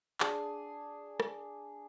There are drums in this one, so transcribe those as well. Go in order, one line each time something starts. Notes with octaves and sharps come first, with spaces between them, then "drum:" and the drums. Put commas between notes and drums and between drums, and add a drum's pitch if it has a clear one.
D4 G#4, drum: clap
drum: rim click